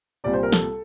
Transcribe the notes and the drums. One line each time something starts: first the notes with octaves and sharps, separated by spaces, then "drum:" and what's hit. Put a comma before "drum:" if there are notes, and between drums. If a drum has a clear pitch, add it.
C2 A#2 G3 D5
C5
A#4
A4, drum: snare